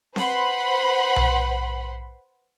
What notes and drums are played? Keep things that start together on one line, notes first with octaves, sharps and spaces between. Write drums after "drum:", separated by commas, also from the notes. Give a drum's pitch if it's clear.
B4 C5 F#5 B5 C6, drum: snare C4
drum: tom B1